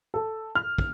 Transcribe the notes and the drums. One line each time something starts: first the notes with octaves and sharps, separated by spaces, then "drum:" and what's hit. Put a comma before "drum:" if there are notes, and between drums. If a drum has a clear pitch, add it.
A4
F6
drum: kick